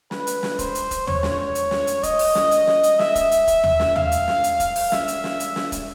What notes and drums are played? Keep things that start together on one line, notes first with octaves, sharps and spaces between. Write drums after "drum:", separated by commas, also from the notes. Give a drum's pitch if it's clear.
B4, drum: snare
drum: hi-hat
drum: snare
C5, drum: kick, hi-hat
drum: hi-hat
drum: kick, hi-hat
C#5, drum: tom D#2
drum: snare
drum: hi-hat
drum: snare
drum: hi-hat
D#5, drum: kick, hi-hat
drum: open hi-hat
drum: snare
drum: hi-hat
drum: snare
drum: hi-hat
E5, drum: snare
drum: kick, hi-hat
drum: hi-hat
drum: kick, hi-hat
drum: tom D#2
drum: snare
F5, drum: tom D#2
drum: hi-hat
drum: snare
drum: hi-hat
drum: kick, hi-hat
drum: open hi-hat
E5, drum: snare
drum: hi-hat
drum: snare
drum: hi-hat
drum: snare
drum: kick, hi-hat